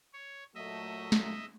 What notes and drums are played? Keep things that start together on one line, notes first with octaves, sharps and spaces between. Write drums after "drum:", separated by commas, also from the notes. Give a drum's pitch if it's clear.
C#5
A#2 F#3 A3 D#5 E5
drum: snare